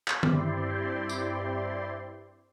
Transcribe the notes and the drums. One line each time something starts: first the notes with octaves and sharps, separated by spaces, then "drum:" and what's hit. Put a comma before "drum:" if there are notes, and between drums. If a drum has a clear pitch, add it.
drum: clap
G2 C4 E4 G4 D5 C6, drum: tom D#3
drum: tambourine